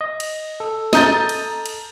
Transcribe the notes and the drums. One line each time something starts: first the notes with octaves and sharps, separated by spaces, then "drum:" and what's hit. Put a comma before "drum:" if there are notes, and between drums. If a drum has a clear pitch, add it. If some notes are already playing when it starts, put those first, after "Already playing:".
D#5
drum: cymbal
A4
D#5 A#5 G6 A6, drum: snare
drum: cymbal
drum: cymbal